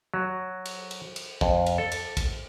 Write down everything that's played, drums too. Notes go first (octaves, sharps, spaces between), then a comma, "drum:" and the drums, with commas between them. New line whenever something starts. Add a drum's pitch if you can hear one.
F#3
drum: cymbal
drum: cymbal
drum: cymbal
F2, drum: kick
drum: cymbal
A4
drum: cymbal
drum: kick, cymbal